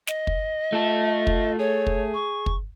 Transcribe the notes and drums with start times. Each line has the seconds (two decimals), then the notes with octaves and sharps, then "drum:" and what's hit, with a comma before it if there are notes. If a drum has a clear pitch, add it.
0.07 D#5, drum: snare
0.27 drum: kick
0.72 A3 F4 A4
1.27 drum: kick
1.59 G#4 C#5
1.87 drum: kick
2.14 C#6
2.46 drum: kick